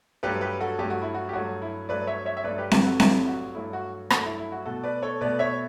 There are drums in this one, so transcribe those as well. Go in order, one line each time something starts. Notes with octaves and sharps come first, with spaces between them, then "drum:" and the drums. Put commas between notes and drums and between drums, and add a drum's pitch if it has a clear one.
G2 F#3 A3 G4 B4
G4 B4
F#4 A4
G2 F#3 A3 G4
F#4
E4
F#4
G4
G2 F#3 A3 F#4
E4
G2 F#3 A3 B4 D5
C#5 E5
C#5 E5
E5
G2 F#3 A3 B4 D5
G4 B4
E4 G4, drum: snare C4
B4
F#4 A4
G2 F#3 A3 E4 G4, drum: snare C4
F#4
G2 F#3 A3 E4
F#4
G2 F#3 A3 F#4, drum: rim click
E4
E4
F#4
B2 A3 F#4 A4
B4 D5
A4 C#5
B2 A3 B4 D5
C#5 E5